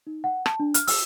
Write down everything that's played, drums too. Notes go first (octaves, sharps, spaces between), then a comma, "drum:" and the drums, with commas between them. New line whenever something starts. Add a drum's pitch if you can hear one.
D#4
F#5
A5, drum: rim click
D4
F6, drum: hi-hat
E6, drum: open hi-hat